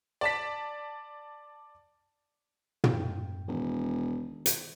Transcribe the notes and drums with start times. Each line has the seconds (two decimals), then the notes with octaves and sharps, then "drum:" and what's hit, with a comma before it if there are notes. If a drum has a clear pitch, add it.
0.21 D5 A5 B6
2.84 drum: tom
2.93 F#2 A2 G5
3.48 E1 D#3
4.46 drum: hi-hat